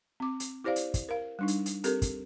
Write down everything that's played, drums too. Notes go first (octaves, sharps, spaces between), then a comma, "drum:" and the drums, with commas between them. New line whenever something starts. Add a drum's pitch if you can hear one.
C4 D6
drum: hi-hat
E4 G4 C5 D5 F5
drum: hi-hat
drum: kick, hi-hat
A#4 F5
G3 D4 D#4
drum: hi-hat
drum: hi-hat
C4 G4 A4 A#4, drum: hi-hat
drum: kick, hi-hat